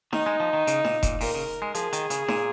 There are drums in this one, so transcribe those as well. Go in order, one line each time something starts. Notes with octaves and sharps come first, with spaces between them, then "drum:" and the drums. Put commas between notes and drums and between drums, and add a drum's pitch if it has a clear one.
D#3 D#4, drum: snare D#4
G#3
F3
D#3
C#3, drum: hi-hat
A#2, drum: snare D#4
A#2, drum: kick F1, hi-hat
A#2 A#4, drum: open hi-hat
C#3
G#3
F3 G#4, drum: hi-hat
D#3, drum: hi-hat
C#3, drum: hi-hat
A#2, drum: snare D#4